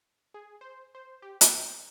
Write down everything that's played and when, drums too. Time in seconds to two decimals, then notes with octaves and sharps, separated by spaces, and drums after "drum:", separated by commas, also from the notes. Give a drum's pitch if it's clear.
0.34 G#4
0.61 C5
0.95 C5
1.22 G4
1.41 G5, drum: hi-hat